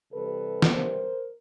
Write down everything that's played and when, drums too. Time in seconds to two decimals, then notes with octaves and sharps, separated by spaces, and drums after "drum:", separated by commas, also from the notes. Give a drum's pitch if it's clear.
0.13 C3 E3 G3 A4 B4
0.62 drum: snare
0.72 A#4 C5